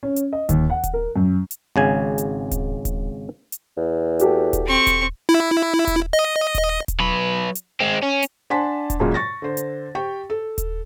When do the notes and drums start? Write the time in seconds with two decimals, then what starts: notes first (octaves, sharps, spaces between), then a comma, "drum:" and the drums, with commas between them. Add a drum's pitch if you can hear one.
0.03 C#4
0.16 drum: hi-hat
0.33 D#5
0.49 D#2, drum: kick D#1, hi-hat
0.70 F#5
0.83 drum: kick D#1, hi-hat
0.94 A#4
1.16 F#2
1.51 drum: hi-hat
1.76 G#1 C#3 G#5
2.18 drum: hi-hat
2.51 drum: kick D#1, hi-hat
2.85 drum: kick D#1, hi-hat
3.52 drum: hi-hat
3.77 E2
4.19 F#4 G4 A4, drum: hi-hat
4.53 drum: kick D#1, hi-hat
4.66 C4 C#6
4.87 drum: kick D#1, hi-hat
5.29 E4
5.87 drum: kick D#1, hi-hat
6.13 D#5
6.55 drum: kick D#1, hi-hat
6.88 drum: kick D#1, hi-hat
7.00 F#3 B4
7.55 drum: hi-hat
7.80 G#3 C4
8.02 C#4
8.23 drum: hi-hat
8.50 D4 F#5 G#5 A5 C6 B6
8.90 drum: kick D#1, hi-hat
9.00 F#2 A#2 C#3 G#3 F4 F#4
9.14 C#6 A6 A#6
9.42 D3 C5
9.57 drum: hi-hat
9.95 G4 G5 C#6
10.30 A4
10.58 drum: kick D#1, hi-hat